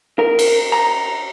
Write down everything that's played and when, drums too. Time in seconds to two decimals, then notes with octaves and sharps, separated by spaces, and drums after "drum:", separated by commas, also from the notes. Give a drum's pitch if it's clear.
0.19 A#4
0.39 drum: cymbal
0.72 A#5